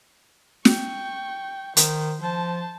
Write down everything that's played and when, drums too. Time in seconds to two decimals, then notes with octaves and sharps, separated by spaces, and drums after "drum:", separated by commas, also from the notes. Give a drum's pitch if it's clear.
0.65 G5 C#6, drum: snare
1.77 D#3 C5, drum: hi-hat
2.20 F3 C5 A5